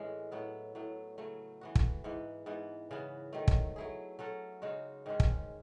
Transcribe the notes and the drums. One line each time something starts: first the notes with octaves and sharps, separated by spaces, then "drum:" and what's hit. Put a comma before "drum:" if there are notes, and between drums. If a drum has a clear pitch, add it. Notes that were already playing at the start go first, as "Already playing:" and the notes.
Already playing: A2 E3 G#3 C#4
A2 F#3 B3 E4
A2 F#3 A3
C#3 F#3 A3
E3 B3 F#4
drum: kick
G#2 E3 B3
G#2 E3 B3
C#3 E3 B3
D#3 F#3 A3
drum: kick
F#3 A3 E4 G#4
F#3 C#4 F#4 A4
C#3 G#3 D#4 F#4
G#2 D#3 G#3 C#4
drum: kick